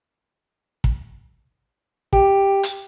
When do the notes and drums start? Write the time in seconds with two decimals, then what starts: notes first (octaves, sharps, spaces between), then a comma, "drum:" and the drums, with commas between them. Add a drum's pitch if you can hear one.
0.84 drum: kick
2.13 G4, drum: kick
2.63 drum: hi-hat